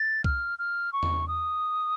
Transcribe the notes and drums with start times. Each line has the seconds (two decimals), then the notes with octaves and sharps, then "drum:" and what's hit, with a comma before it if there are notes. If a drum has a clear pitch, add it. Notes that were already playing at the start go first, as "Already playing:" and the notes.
Already playing: A6
0.24 F6, drum: kick C2
0.59 F6
0.93 C#6
1.03 drum: tom E2
1.28 D#6